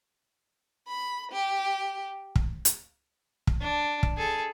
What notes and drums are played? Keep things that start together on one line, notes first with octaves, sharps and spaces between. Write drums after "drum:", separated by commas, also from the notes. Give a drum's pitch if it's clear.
B5
G4
drum: kick
drum: hi-hat
drum: kick
D4
drum: kick
G#4 A4